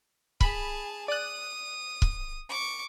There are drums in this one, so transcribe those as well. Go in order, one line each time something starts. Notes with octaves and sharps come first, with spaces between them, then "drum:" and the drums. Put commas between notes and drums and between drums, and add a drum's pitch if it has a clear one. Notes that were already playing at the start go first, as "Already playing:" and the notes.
G#4 A5 B5, drum: kick
D5 D#6 F#6
drum: kick
C#6 D6